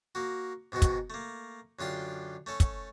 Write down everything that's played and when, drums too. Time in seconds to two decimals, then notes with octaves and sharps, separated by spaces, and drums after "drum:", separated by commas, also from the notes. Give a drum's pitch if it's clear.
0.15 A#3 F#4
0.72 G#2 B2 D#3 F#4
0.82 drum: kick, hi-hat
1.10 A3 A#3
1.79 F#2 D3 F4 G4 C6
2.46 A3 C#4 A4
2.60 drum: kick, hi-hat